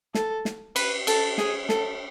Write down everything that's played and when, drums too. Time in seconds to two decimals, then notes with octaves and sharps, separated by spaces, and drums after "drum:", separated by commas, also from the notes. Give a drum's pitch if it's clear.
0.15 A4, drum: snare
0.45 drum: snare
0.76 B4, drum: cymbal
1.07 A4, drum: cymbal
1.38 G#4, drum: snare
1.69 A4, drum: snare